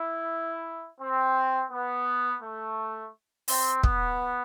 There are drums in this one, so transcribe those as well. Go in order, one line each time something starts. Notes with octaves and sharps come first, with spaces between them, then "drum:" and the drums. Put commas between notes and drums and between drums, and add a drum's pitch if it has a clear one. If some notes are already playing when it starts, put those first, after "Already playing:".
Already playing: E4
C4
B3
A3
C4, drum: open hi-hat
B3, drum: kick